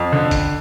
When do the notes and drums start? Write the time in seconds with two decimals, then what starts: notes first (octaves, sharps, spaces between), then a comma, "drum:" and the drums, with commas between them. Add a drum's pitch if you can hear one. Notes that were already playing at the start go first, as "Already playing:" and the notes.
Already playing: F2
0.13 D3
0.31 drum: kick A1, hi-hat